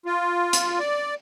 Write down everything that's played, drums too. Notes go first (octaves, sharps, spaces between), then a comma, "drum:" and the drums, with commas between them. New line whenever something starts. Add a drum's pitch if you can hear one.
F4
drum: hi-hat
D5